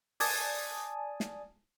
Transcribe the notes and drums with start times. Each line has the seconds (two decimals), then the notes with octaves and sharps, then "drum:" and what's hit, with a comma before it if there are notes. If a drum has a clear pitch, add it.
0.20 D5 G#5 A5 D#6, drum: open hi-hat
1.20 drum: snare